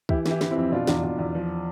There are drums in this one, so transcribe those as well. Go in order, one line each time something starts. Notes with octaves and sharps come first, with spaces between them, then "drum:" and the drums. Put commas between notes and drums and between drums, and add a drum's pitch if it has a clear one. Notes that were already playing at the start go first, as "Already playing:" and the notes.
E3 E4 G4, drum: kick
E3 E4 G4, drum: snare
E3, drum: snare
C4 E4
F2
B2 D4 F4
E2, drum: snare
E2
E2
F3